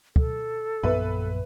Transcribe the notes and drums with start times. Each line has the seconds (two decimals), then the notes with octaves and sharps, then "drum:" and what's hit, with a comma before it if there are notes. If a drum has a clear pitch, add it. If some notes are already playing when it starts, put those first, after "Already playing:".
0.16 A4, drum: kick
0.83 A#1 F#2 B3 B4 E5